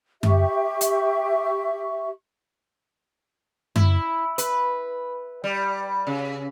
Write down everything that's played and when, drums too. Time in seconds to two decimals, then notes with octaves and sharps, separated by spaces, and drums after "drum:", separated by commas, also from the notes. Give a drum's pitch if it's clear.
0.23 G4 E5 C#6, drum: tom F#2
0.81 drum: hi-hat
3.76 E4, drum: tom F#2
4.38 B4, drum: hi-hat
5.44 G3
6.07 C#3